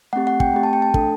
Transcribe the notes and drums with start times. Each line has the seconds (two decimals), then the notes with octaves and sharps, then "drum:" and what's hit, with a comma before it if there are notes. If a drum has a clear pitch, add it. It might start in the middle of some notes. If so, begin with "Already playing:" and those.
0.13 A3 C4 G4 F#5
0.27 F#5
0.40 G5, drum: kick
0.53 A3 C4 G4
0.63 A5
0.73 G5
0.82 A5
0.94 A3 D4 A4, drum: kick